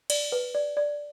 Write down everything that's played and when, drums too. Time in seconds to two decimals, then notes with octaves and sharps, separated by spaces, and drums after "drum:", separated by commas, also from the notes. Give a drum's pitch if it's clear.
0.10 D5, drum: cymbal
0.32 B4
0.55 D5
0.77 D5